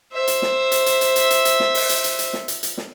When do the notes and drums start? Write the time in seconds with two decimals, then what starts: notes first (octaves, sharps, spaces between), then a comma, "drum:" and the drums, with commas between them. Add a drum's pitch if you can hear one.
0.13 C5 E5
0.27 drum: hi-hat
0.42 drum: snare
0.72 drum: hi-hat
0.86 drum: hi-hat
1.01 drum: hi-hat
1.16 drum: hi-hat
1.30 drum: hi-hat
1.45 drum: hi-hat
1.60 drum: snare
1.75 drum: open hi-hat
1.89 drum: hi-hat
2.04 drum: hi-hat
2.19 drum: hi-hat
2.33 drum: snare
2.48 drum: hi-hat
2.63 drum: hi-hat
2.77 drum: snare